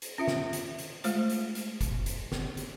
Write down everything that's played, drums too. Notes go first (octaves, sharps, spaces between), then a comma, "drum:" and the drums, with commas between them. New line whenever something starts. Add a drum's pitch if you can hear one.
drum: hi-hat
C#4 F4 E5
drum: snare
drum: hi-hat
drum: hi-hat
G#3 A3 F4 C5, drum: hi-hat
drum: hi-hat
drum: hi-hat
drum: kick F#1, hi-hat
drum: hi-hat
drum: snare
drum: hi-hat